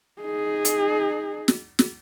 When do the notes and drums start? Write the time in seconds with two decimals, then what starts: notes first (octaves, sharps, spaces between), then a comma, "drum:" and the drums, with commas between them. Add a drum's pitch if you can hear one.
0.21 D#4 G#4
0.65 drum: hi-hat
1.48 drum: snare
1.79 drum: snare